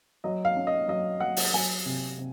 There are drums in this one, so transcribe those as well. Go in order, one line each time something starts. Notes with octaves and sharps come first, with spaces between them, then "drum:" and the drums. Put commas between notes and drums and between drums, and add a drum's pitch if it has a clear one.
F#3 D#5
F5
C#4
D#5
F#3 D#5
F#3 F#5
drum: open hi-hat
F#3 G#5
C3
C3